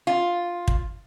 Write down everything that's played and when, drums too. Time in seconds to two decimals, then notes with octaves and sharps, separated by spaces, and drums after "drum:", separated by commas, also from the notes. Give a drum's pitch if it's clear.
0.07 F4
0.68 drum: kick